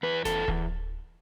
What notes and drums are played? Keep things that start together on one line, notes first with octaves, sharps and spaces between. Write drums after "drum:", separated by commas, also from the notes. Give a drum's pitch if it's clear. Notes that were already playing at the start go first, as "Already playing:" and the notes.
E2 B4
E2 A4, drum: snare F1
E2, drum: kick D1